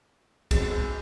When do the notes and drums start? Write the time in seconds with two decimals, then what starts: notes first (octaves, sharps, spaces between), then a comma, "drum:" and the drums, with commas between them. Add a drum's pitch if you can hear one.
0.51 G#2 B2 C4 G#4 A4 C#5, drum: kick, cymbal
0.70 G#5 E6 F6 G6